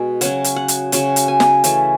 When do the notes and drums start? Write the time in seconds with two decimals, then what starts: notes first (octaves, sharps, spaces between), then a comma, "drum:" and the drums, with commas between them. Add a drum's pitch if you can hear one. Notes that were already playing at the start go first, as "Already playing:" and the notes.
Already playing: B2 G#3
0.21 C#3 F#3 C#4 F#5, drum: hi-hat
0.44 drum: hi-hat
0.56 F#5
0.68 drum: hi-hat
0.92 C#3 F#3 C#4 F#5, drum: hi-hat
1.16 drum: hi-hat
1.28 G#5
1.40 drum: snare
1.64 E3 A3 C#4, drum: hi-hat